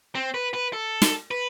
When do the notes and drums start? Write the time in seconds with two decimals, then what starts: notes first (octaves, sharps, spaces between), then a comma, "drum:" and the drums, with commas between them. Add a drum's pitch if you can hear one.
0.15 C4
0.34 B4
0.54 B4
0.73 A4
1.02 drum: snare
1.31 B4